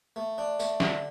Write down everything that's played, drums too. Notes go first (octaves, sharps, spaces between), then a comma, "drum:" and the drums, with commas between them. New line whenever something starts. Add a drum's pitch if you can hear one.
A3
D4
A3, drum: tambourine
D3, drum: snare